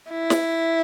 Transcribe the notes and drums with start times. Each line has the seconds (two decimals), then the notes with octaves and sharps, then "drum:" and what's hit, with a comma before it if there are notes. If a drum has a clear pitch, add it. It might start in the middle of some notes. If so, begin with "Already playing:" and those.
0.11 E4
0.30 drum: snare